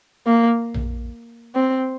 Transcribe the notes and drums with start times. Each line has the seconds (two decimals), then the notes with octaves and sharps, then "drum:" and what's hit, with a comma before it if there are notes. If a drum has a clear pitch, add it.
0.26 A#3
0.74 drum: tom A#1
1.55 C4